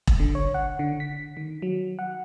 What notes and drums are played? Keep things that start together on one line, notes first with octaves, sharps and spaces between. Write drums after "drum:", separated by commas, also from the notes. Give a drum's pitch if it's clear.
drum: kick E1
D3
C#5
F#5
D3
B6
D#3
F#3
F#5